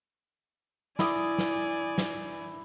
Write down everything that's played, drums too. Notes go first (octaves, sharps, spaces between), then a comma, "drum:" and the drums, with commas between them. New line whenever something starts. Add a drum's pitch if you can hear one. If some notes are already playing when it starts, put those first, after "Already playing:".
E4 D5 G#5 D6 D#6, drum: snare
drum: snare
drum: snare